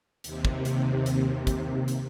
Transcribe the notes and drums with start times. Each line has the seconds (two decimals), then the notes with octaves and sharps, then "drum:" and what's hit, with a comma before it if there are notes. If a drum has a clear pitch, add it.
0.24 D#2 C3, drum: hi-hat
0.45 drum: kick
0.65 drum: hi-hat
1.06 drum: hi-hat
1.47 drum: kick, hi-hat
1.88 drum: hi-hat